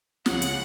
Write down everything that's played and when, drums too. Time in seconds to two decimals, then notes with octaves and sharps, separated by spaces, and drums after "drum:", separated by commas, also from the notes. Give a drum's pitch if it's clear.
0.26 C#2 C#3 F3 F#5, drum: snare
0.42 drum: hi-hat